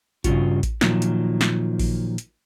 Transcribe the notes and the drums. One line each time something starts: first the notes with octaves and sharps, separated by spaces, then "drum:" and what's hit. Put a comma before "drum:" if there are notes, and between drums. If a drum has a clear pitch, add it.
G2 C#3 G3 F4 F#4, drum: kick A1, hi-hat
drum: kick A1, hi-hat
A#2 D#3 F3 F#3, drum: snare
drum: hi-hat
drum: snare
drum: kick A1, open hi-hat
drum: hi-hat